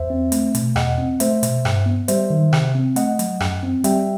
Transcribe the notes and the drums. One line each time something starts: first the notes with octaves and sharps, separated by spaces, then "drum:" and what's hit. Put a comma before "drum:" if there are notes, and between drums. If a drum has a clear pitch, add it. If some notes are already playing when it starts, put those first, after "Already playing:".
Already playing: E2 C5 E5
C4
A3, drum: hi-hat
B2, drum: hi-hat
E2 D#5 F#5, drum: rim click
C4
A3 C5 E5, drum: hi-hat
B2, drum: hi-hat
G2, drum: rim click
B3
G3 C5 E5, drum: hi-hat
D#3
C3, drum: rim click
C4
A3 D#5 F#5, drum: hi-hat
F#3, drum: hi-hat
F#2, drum: rim click
C4
G3 E5 G5, drum: hi-hat